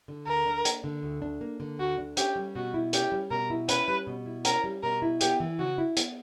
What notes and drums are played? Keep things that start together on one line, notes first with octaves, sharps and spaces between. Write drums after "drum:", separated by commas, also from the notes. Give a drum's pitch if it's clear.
D3
D2 A#4
D4
A#3, drum: hi-hat
D3
D2
D4
A#3
D3
D2 F#4
D4
C#4 G4, drum: hi-hat
G3
B2 F#4
E4
C#4 G4, drum: hi-hat
G3
B2 A#4
E4
C#4 B4, drum: hi-hat
G3
B2
E4
C#4 A#4, drum: hi-hat
G3
B2 A#4
E4
B3 G4, drum: hi-hat
E3
C#3 F#4
E4
B3, drum: hi-hat